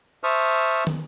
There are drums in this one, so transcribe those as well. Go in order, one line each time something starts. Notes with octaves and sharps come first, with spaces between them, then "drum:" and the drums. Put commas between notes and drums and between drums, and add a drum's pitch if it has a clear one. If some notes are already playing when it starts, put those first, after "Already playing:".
C5 E5 A5 C#6 D#6 F6
drum: tom